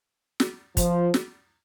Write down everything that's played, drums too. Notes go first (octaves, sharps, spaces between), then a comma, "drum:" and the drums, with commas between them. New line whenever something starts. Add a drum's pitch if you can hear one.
drum: snare
F3, drum: kick, hi-hat
drum: snare